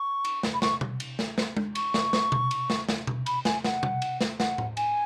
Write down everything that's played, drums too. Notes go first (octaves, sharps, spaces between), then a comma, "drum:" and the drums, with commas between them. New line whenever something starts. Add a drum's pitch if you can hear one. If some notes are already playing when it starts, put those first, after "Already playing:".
Already playing: C#6
drum: cymbal
drum: snare
B5
C#6, drum: snare
drum: tom B2
drum: cymbal
drum: snare
drum: snare
drum: tom G#3
C#6, drum: cymbal
drum: snare
drum: snare
drum: tom B2
drum: cymbal
drum: snare
drum: snare
drum: tom B2
B5, drum: cymbal
G#5, drum: snare
F#5, drum: snare
drum: tom B2
drum: cymbal
drum: snare
F#5, drum: snare
drum: tom A2
G#5, drum: cymbal